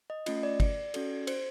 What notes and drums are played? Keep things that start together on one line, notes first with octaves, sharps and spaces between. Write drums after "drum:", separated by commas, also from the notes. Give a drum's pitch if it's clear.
D#5
A3 C#4 F4 D#5, drum: cymbal
D5
drum: kick G1, cymbal
C#4 F#4 A4, drum: cymbal
C5, drum: cymbal